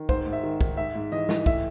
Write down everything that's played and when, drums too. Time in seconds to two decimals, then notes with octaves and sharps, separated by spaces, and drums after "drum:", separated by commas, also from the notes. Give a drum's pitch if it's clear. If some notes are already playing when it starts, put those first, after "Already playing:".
Already playing: D#3
0.09 G#2 C5, drum: kick
0.26 G#2
0.32 E5
0.43 D#3
0.61 D#3, drum: kick
0.77 G#2 E5
0.95 G#2
1.12 E3 D#5
1.29 E3, drum: snare
1.46 A2 E5, drum: kick